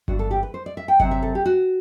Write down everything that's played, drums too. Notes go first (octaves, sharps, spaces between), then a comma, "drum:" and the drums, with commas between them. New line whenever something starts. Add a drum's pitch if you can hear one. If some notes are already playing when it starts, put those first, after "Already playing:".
G2 E3 B3 D4 F#4, drum: kick G1
A4
G4
B4
C5
D5
E5
G5
C3 F#3 C4 F#5, drum: kick G1
E5
A4
G4
F#4